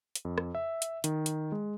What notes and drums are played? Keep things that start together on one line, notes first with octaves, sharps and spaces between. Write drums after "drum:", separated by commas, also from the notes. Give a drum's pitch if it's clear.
drum: hi-hat
F2
drum: rim click
E5
drum: hi-hat
D#3, drum: hi-hat
drum: hi-hat
G#3